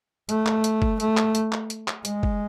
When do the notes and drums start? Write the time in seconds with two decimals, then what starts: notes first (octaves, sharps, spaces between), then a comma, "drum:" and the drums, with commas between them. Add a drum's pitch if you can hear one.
0.29 A3, drum: hi-hat
0.46 drum: clap
0.64 drum: hi-hat
0.82 drum: kick
1.00 A3, drum: hi-hat
1.17 drum: clap
1.35 drum: hi-hat
1.52 drum: clap
1.70 drum: hi-hat
1.88 drum: clap
2.05 G#3, drum: hi-hat
2.23 drum: kick